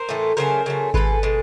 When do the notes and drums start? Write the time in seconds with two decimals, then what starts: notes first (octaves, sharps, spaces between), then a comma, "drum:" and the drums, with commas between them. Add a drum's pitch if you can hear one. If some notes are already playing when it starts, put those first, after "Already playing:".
Already playing: A#4 C5
0.09 A2 E3 A3
0.37 C#3 F#3 A3 A#4 C5
0.66 C#3 F#3 A3
0.94 B2 G#3 A4 B4, drum: kick G#1
1.23 B2 G#3